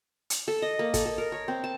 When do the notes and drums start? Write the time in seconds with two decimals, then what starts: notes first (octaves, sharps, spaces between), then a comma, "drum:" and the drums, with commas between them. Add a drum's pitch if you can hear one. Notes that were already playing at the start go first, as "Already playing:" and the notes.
0.30 drum: hi-hat
0.48 A4
0.62 D#5
0.79 A#3
0.94 A4, drum: kick, hi-hat
1.06 A4
1.18 A#4
1.32 C#5
1.48 C4
1.64 A5